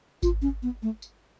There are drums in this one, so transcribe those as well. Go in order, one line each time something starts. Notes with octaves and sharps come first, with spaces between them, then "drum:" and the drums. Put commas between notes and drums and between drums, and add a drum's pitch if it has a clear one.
F4, drum: kick G#1, tambourine
C#4
B3
A3
drum: tambourine